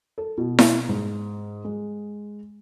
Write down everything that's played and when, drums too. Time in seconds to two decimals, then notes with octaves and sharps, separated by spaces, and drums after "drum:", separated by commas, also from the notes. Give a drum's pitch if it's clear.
0.18 A4
0.38 B2
0.59 drum: snare E4
0.88 G#2
1.65 G#3